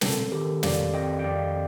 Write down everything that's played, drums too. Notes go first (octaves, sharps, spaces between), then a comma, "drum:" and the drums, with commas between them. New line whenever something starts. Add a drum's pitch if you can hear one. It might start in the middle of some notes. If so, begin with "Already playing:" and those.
C4 A4, drum: snare
D#3 G4 A#4
F2 D5 F5, drum: snare
C4 D#5 G5
G5
F2 D5 F5